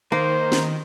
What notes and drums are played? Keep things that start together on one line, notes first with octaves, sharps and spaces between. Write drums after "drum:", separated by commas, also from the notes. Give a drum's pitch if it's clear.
D#3 A#3 C5
drum: snare